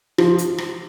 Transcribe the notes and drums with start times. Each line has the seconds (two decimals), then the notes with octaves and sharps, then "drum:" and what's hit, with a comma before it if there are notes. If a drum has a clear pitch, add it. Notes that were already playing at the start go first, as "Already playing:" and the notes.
0.18 F3, drum: rim click
0.38 drum: hi-hat
0.58 drum: rim click